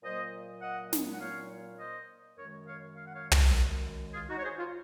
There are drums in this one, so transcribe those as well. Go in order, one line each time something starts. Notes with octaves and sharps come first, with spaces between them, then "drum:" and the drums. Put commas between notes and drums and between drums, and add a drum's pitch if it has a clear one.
A#2 F#3 A#3 C5 D#5
D#5 F#5
drum: snare
F#5
C#5 F5
C5 D#5
F#2 D#3 G#3 A#4 C#5
C#5 F5
F5
F#5
C#5 F5
drum: tom
F4 G#4
D#4 F#4
C#5
G#4 C5
F4